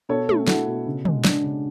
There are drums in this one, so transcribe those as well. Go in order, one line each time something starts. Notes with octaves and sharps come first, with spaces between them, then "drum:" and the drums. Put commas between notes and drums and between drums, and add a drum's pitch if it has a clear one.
B2 A4 C#5
A3, drum: tom
E4 F#4 A4, drum: snare
B2
C#3
G#3, drum: tom
D4, drum: snare
C#3